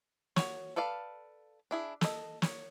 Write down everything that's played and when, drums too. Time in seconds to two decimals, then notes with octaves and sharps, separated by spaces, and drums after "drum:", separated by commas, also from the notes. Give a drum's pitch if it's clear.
0.36 F#4 C#5, drum: snare
0.76 A4 B4 D5 F5 A5
1.71 D4 E4 G#4
2.01 A4 D#5, drum: snare
2.42 C#5, drum: snare